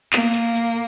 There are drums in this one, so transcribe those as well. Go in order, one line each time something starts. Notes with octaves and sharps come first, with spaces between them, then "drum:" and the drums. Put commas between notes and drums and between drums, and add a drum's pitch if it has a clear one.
A#3, drum: clap
drum: hi-hat
drum: hi-hat